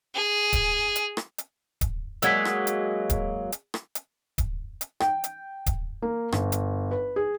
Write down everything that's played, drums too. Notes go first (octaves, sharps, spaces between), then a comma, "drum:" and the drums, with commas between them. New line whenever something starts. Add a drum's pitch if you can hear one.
G#4
drum: kick D1, hi-hat
drum: hi-hat
drum: rim click
drum: hi-hat
drum: kick D1, hi-hat
F#3 G#3 A#3 E6 G#6 B6, drum: hi-hat
drum: rim click
drum: hi-hat
drum: kick D1, hi-hat
drum: hi-hat
drum: rim click
drum: hi-hat
drum: kick D1, hi-hat
drum: hi-hat
G5, drum: rim click
drum: hi-hat
drum: kick D1, hi-hat
A#3
G1, drum: rim click
drum: hi-hat
B4
G#4